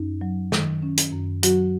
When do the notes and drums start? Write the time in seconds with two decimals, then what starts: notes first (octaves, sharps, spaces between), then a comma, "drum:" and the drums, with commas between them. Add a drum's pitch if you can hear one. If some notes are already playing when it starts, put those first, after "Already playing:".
Already playing: F#2 C#4 D#4
0.21 F#3
0.52 D#3, drum: snare
0.82 C#4
0.97 drum: hi-hat
1.13 F#2
1.43 F#3 F#4, drum: hi-hat